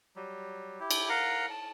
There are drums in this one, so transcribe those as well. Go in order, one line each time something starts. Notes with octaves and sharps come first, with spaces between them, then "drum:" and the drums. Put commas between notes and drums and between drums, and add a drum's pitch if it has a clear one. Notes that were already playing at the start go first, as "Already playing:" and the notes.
F#3 G3
E4 G4
drum: cymbal
A#4 F5 F#5 A#5
A5